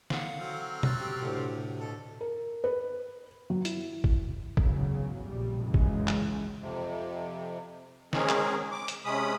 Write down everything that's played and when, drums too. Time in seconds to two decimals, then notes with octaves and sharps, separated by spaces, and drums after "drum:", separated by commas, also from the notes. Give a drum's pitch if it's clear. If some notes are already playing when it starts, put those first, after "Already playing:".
0.10 D3 F5 F#5, drum: snare
0.40 D3 F#3 C4 F6
0.83 E6 F#6 A6, drum: tom B2
1.01 G4
1.22 D2 A2 C3
1.80 B2 A4
2.21 A#4
2.64 B4
3.50 F#3
3.65 E4, drum: hi-hat
4.04 drum: kick
4.57 G#1 E2 C#3 F#3, drum: kick
5.24 A#1 G3
5.61 C#2 F#2 C#3 E3 G#3
5.74 drum: kick
6.07 drum: clap
6.59 F2 C3
8.13 G#3 C4 C#4 G#4 A#4, drum: snare
8.29 drum: clap
8.71 D6
8.88 drum: hi-hat
9.05 C3 G#3 C#4 B5 D#6